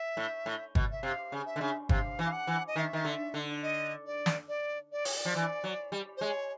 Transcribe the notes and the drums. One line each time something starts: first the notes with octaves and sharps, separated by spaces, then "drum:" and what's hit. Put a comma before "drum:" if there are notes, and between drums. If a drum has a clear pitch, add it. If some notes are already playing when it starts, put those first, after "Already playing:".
Already playing: E5
A2
A2
B2, drum: kick
E5
C3 F5
C#3
E5
D3
C#3
C3 F5, drum: kick
E3
F5
F#5
E3
D#5
D#3 E5
D#3
D3
D3
D#5
D5
drum: snare
D5
D5
C#5, drum: open hi-hat
D5
F3
E3
F#3
G3
C5
G#3 C#5